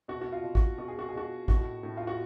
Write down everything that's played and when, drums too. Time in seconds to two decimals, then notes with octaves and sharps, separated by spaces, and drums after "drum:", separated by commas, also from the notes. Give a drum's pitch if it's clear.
0.08 B2 F#4
0.21 F#4
0.32 F4
0.43 B2
0.55 F#4, drum: kick
0.78 B2 F#4
0.88 G#4
0.99 F#4
1.09 G#4
1.14 B2 F#4
1.48 A2 F#4, drum: kick
1.83 A2
1.97 F4
2.07 F#4